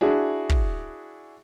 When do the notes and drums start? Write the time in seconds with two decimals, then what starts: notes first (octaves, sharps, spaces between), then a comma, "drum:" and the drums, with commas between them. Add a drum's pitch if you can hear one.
0.01 D4 E4 F#4 G#4
0.49 drum: kick